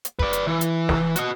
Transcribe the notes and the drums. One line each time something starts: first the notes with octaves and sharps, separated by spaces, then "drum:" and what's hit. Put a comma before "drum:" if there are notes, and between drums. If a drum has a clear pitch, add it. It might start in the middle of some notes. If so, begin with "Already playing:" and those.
drum: hi-hat
B4 D5, drum: kick
drum: hi-hat
E3
drum: hi-hat
drum: snare
F#4 D#5, drum: hi-hat